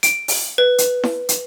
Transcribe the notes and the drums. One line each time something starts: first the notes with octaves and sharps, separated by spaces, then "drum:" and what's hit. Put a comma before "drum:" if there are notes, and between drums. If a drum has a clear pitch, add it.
D7, drum: hi-hat
drum: open hi-hat
B4
drum: hi-hat
drum: snare E4
drum: hi-hat